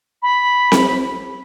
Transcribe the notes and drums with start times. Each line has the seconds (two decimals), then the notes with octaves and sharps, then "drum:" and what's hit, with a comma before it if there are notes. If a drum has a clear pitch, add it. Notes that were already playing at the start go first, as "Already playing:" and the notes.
0.22 B5
0.72 drum: snare C4